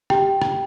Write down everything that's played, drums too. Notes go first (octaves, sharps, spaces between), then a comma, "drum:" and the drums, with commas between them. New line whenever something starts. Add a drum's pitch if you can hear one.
G4 G5, drum: rim click
drum: rim click